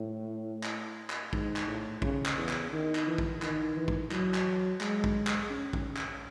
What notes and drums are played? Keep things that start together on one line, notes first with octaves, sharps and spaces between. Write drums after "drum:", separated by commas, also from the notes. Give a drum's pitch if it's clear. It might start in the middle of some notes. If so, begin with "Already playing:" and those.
Already playing: A2
drum: clap
drum: clap
G#2, drum: kick
drum: clap
A2
C#3, drum: kick
drum: clap
E2
drum: clap
D#3
drum: clap
E3
drum: kick
D#3, drum: clap
E3
drum: kick
F#3, drum: clap
drum: clap
G#3, drum: clap
drum: kick
drum: clap
C#4
drum: kick
drum: clap